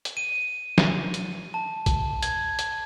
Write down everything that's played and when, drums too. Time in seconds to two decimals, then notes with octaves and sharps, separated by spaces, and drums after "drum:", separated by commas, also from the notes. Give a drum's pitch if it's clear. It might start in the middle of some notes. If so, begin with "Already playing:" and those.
0.05 drum: hi-hat
0.17 D#7
0.78 drum: snare
1.14 drum: hi-hat
1.54 A5
1.86 drum: kick A#1, hi-hat
2.23 G#6, drum: hi-hat
2.59 drum: hi-hat